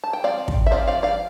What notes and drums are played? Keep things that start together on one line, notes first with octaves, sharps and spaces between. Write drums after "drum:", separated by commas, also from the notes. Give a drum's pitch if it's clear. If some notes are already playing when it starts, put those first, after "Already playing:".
A5
G5
F3 C4 D5 F5
drum: kick
E5
F3 C4 D5 F5
D5 F5
D5 F5